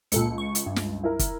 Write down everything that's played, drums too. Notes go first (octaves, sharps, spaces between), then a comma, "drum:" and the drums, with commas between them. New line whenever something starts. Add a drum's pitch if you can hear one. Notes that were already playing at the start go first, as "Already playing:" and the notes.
C#2 A#2 A4 C#7, drum: hi-hat
C#6
drum: hi-hat
G2
drum: snare
E4 A#4
drum: kick, hi-hat